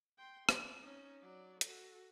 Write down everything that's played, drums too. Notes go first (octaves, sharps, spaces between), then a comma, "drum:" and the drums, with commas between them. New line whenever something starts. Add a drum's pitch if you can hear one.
G5 C6
C4 D5, drum: rim click
C#4 D#4
F#3 D5
F#4 A4, drum: hi-hat